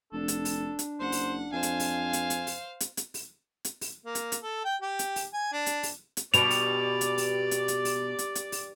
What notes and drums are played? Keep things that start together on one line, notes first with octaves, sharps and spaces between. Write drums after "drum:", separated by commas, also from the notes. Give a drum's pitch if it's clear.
F1 D4 A4
drum: hi-hat
drum: open hi-hat
drum: hi-hat
F#1 C5 F#5
drum: open hi-hat
F2 C5 F5 G#5
drum: hi-hat
drum: open hi-hat
drum: hi-hat
drum: hi-hat
drum: open hi-hat
drum: hi-hat
drum: hi-hat
drum: open hi-hat
drum: hi-hat
drum: open hi-hat
A#3
drum: hi-hat
drum: hi-hat
A4
G5
G4
drum: hi-hat
drum: open hi-hat
G#5
D4
drum: hi-hat
drum: open hi-hat
drum: hi-hat
G2 B2 G3 D5 D6 F7, drum: hi-hat
drum: open hi-hat
drum: hi-hat
drum: open hi-hat
drum: hi-hat
drum: hi-hat
drum: open hi-hat
drum: hi-hat
drum: hi-hat
drum: open hi-hat